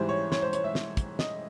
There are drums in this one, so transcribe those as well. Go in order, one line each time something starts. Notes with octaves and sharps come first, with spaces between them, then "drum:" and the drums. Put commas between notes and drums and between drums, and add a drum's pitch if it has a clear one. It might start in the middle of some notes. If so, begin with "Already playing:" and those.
Already playing: G#2 E3 G3 C5
C#5
C#5, drum: snare
C5
C#5, drum: hi-hat
E5
drum: snare
drum: kick, hi-hat
D#5, drum: snare